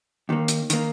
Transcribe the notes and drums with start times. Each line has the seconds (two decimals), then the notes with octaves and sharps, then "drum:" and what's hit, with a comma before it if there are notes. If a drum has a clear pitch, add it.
0.29 D#2 D#3 A#3
0.48 drum: hi-hat
0.70 D#3 A#3, drum: hi-hat